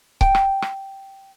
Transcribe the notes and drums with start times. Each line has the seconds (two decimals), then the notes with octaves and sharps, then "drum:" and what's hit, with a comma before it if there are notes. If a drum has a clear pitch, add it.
0.21 G5, drum: kick C#1
0.35 drum: rim click
0.62 drum: rim click